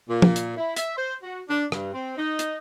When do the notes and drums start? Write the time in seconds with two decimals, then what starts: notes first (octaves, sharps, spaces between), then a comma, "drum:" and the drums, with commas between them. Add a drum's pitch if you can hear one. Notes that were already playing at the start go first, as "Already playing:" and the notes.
0.09 A#2
0.22 drum: tom
0.36 drum: hi-hat
0.57 E4
0.77 E5, drum: hi-hat
0.97 C5
1.23 F#4
1.49 D4
1.72 G2, drum: rim click
1.93 C4
2.18 D#4
2.39 drum: hi-hat